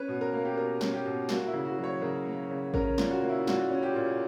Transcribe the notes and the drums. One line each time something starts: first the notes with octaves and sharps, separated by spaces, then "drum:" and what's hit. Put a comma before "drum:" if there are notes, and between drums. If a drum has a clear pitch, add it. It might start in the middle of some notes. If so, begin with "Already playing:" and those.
Already playing: C#4 B4
B2
A#4
A#3
G4
B2 A#4
C#4, drum: snare
G4
B2
A#3 F#4, drum: snare
E4
C#3
F#4
F#3
C#5
C#3 A#4
A#3
C#3
C#4 A#4, drum: kick G#1
A#2, drum: snare
F#4
A#3
E4
A#2 F#4, drum: snare
C#4
G4
A#2